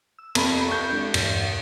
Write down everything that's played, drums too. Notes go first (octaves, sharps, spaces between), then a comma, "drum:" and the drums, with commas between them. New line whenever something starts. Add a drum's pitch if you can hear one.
E6
F2 A#5 B5, drum: cymbal
C#6 G6
G#3 D4 A4
E2 G2 A#2, drum: cymbal